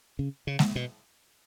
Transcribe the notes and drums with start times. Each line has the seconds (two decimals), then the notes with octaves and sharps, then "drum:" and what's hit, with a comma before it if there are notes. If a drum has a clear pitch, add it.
0.19 C#3
0.47 C#3
0.59 drum: snare G#3
0.76 B2